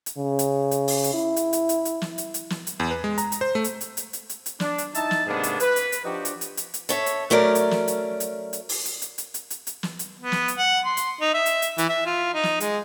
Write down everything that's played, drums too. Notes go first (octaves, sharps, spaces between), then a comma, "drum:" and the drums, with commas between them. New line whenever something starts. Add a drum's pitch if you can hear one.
drum: hi-hat
C#3
drum: hi-hat
drum: hi-hat
drum: open hi-hat
drum: hi-hat
E4
drum: hi-hat
drum: hi-hat
drum: hi-hat
drum: hi-hat
drum: snare
drum: hi-hat
drum: hi-hat
drum: snare
drum: hi-hat
E2
B4
G#3
A#5, drum: hi-hat
drum: hi-hat
C5
A3
drum: hi-hat
drum: hi-hat
drum: hi-hat
drum: hi-hat
drum: hi-hat
drum: hi-hat
D4, drum: snare
drum: hi-hat
D#4 E4 E5 A5, drum: hi-hat
drum: snare
G#2 C3 A#3 B3 D4 G#4
drum: hi-hat
B4, drum: hi-hat
drum: hi-hat
drum: hi-hat
F3 D4 D#4 F#4 G4
drum: hi-hat
drum: hi-hat
drum: hi-hat
drum: hi-hat
A4 C#5 E5, drum: hi-hat
drum: hi-hat
F#3 A3 C#4 A#4 D5
drum: hi-hat
drum: snare
drum: hi-hat
drum: hi-hat
drum: hi-hat
drum: open hi-hat
drum: hi-hat
drum: hi-hat
drum: hi-hat
drum: hi-hat
drum: hi-hat
drum: hi-hat
drum: snare
drum: hi-hat
B3
drum: snare
drum: hi-hat
F#5
C6
drum: hi-hat
D#4
E5
drum: hi-hat
drum: hi-hat
E3, drum: hi-hat
E5
F4
D#4
drum: snare
G#3, drum: hi-hat